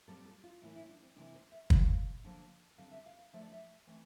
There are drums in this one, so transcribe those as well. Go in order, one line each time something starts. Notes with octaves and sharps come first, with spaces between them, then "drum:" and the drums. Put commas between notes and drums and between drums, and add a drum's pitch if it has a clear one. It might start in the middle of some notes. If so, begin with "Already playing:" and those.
A#2 G3 C4 A4
A4
F4
A2 E3 A#3 E4
E4
D4
C4
C3 E3 A#3 D4
C5
E5
A2 E3 A#3 F5, drum: kick
D3 F3 A#3
D3 G3 C4 F5
E5
F5
F5
D3 F3 A3 E5
D5
E5
E3 A3 C4